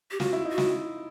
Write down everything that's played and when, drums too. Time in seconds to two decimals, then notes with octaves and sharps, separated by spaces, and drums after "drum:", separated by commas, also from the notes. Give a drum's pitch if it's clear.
0.11 G4
0.20 F4 F#4, drum: snare
0.33 E4
0.45 D#4
0.50 F#4
0.58 E4, drum: snare